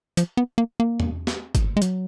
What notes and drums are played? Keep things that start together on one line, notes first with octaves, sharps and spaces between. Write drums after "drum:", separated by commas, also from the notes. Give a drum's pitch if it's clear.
F3, drum: hi-hat
B3
A#3
A#3
drum: tom
drum: snare
drum: kick G1, hi-hat
G#3
F#3, drum: hi-hat